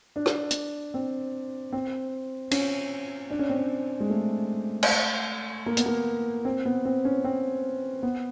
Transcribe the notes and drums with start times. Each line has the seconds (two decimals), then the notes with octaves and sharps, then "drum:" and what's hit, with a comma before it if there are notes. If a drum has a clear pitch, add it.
0.16 D4
0.26 drum: rim click
0.51 drum: hi-hat
0.94 C4
1.73 C4
2.51 C#4, drum: cymbal
3.30 D4
3.39 C#4
3.50 C4
3.58 C#4
4.00 G#3
4.10 A3
4.83 drum: cymbal
5.66 A#3
5.77 B3, drum: hi-hat
5.86 A#3
6.45 C4
6.66 B3
6.85 C4
7.05 C#4
7.25 C4
8.03 B3